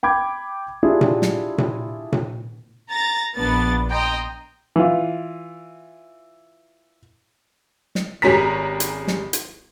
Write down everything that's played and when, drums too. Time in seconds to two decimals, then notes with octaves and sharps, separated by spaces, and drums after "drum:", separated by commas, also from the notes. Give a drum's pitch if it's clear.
0.03 G5 B5 D6 G#6
0.83 D4 E4 F4 G4 G#4
1.01 drum: tom A#2
1.22 drum: snare
1.58 drum: tom A#2
2.12 drum: tom A#2
2.90 A#5 A6 A#6
3.36 A#1 F3 B3 D4 A6
3.91 D#5 G5 A#5 C6
4.76 E3 F4
7.95 drum: snare
8.22 G#1 G3 G#3 C#4 A#5 B6
8.80 drum: hi-hat
9.08 drum: snare
9.33 drum: hi-hat